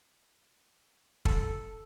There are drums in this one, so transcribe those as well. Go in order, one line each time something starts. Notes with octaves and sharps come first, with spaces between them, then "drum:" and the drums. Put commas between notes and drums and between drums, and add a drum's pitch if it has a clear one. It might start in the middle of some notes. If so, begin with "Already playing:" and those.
A4, drum: kick